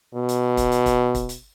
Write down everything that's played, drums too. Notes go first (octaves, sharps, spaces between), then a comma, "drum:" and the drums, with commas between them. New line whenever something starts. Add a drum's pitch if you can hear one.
B2
drum: hi-hat
drum: kick, hi-hat
drum: hi-hat
drum: kick, hi-hat
drum: kick, hi-hat
drum: hi-hat